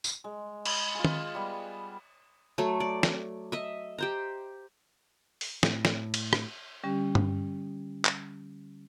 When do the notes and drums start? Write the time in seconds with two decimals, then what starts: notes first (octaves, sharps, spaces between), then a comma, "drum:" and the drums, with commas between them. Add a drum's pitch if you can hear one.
0.04 drum: tambourine
0.24 G#3
0.65 B5, drum: cymbal
0.95 F4 G#4
1.05 drum: tom D#3
1.35 G3 B3
2.58 F#3 A3 A4
2.80 D5
3.03 drum: snare
3.52 D#5 E5
3.98 G4 C5 A#5
5.41 drum: open hi-hat
5.63 A2, drum: snare
5.85 drum: snare
6.14 drum: cymbal
6.33 drum: rim click
6.84 D3 G3 C#4 G4
7.15 drum: tom G2
8.05 drum: clap